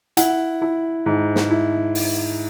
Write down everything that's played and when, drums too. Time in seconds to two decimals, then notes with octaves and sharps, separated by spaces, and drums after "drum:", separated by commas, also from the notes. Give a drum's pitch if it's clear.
0.17 E4 F#5, drum: hi-hat
0.62 E4
1.06 G#2
1.36 drum: snare
1.50 E4
1.95 drum: open hi-hat